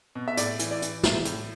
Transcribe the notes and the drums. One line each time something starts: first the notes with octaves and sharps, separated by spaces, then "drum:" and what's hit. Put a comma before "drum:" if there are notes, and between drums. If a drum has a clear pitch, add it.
B2
E5
A2 D5, drum: hi-hat
E3, drum: hi-hat
D5
E3, drum: hi-hat
A2, drum: snare
A2, drum: hi-hat